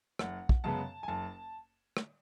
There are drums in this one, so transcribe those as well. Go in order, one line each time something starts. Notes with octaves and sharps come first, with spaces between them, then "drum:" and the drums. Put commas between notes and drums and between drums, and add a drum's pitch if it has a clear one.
F#1 F#5, drum: rim click
drum: kick
F#2 C#3 G#3 B3 A5
G#5
F#1 A5
drum: rim click